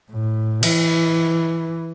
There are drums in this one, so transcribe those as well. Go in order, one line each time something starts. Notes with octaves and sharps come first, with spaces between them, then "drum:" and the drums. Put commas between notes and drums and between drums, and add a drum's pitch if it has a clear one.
A2
E3, drum: cymbal